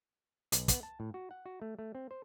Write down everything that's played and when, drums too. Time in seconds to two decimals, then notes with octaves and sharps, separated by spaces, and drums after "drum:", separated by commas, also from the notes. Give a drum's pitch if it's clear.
0.52 B1, drum: hi-hat
0.68 B3, drum: kick, hi-hat
0.83 A5
1.00 A2
1.14 F#4
1.31 F#5
1.46 F#4
1.62 A3
1.79 A3
1.95 C4
2.11 C5